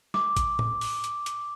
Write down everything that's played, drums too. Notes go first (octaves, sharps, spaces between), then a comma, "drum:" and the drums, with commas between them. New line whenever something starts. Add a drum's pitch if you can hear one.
D6, drum: snare
drum: kick, hi-hat
drum: tom
drum: open hi-hat
drum: hi-hat
drum: hi-hat